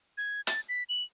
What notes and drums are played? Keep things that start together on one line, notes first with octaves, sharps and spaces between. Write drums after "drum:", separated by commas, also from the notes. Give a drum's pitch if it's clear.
G#6
A6, drum: hi-hat
B6
F#7